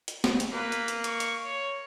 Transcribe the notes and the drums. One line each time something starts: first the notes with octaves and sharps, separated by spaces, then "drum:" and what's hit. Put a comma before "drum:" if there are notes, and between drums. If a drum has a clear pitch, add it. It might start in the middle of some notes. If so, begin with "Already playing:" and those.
drum: hi-hat
drum: snare
drum: hi-hat
A#3 B4
drum: hi-hat
drum: hi-hat
C#6, drum: hi-hat
drum: hi-hat
C#5